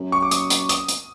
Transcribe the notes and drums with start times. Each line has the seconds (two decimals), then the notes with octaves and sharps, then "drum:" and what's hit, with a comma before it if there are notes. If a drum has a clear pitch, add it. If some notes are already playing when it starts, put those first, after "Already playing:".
Already playing: F#2
0.12 C#6
0.22 D6
0.31 D#6, drum: hi-hat
0.50 drum: hi-hat
0.69 D#6, drum: hi-hat
0.89 drum: hi-hat